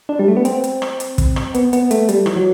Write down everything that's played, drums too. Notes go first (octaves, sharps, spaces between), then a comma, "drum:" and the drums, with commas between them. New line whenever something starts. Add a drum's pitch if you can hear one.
D4
G3
A3
B3
C4, drum: hi-hat
drum: hi-hat
drum: rim click
drum: hi-hat
drum: kick, hi-hat
drum: rim click
B3, drum: hi-hat
B3, drum: hi-hat
A3, drum: hi-hat
G3, drum: hi-hat
E3, drum: rim click
F#3